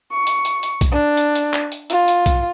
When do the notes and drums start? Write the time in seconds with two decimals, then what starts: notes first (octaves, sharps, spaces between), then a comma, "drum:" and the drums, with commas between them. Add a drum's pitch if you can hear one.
0.12 C#6
0.27 drum: hi-hat
0.45 drum: hi-hat
0.63 drum: hi-hat
0.81 drum: kick B1, hi-hat
0.92 D4
1.17 drum: hi-hat
1.35 drum: hi-hat
1.54 drum: clap
1.72 drum: hi-hat
1.90 F4, drum: hi-hat
2.08 drum: hi-hat
2.26 drum: kick B1, hi-hat